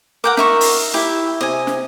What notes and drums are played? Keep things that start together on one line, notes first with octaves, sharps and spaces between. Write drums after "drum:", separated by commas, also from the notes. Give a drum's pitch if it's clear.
A#4 F#5 G5 D6
D#4 E5 C#6, drum: snare
drum: open hi-hat
E4 G4 E5
C3 D#5 G#5
drum: snare